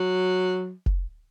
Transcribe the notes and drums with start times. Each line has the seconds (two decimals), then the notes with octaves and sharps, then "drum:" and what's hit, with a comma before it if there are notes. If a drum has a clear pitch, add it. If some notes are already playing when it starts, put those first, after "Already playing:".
Already playing: F#3
0.86 drum: kick F1